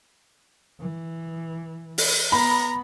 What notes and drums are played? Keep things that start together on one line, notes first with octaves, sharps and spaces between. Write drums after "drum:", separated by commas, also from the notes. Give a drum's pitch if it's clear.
E3
drum: open hi-hat
B3 A#5 B5